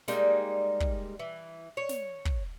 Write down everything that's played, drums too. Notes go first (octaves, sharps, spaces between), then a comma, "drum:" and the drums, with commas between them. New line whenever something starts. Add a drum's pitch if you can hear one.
G3 G#3 A#3 D#4, drum: snare
drum: kick
E3
C#5
drum: snare
drum: kick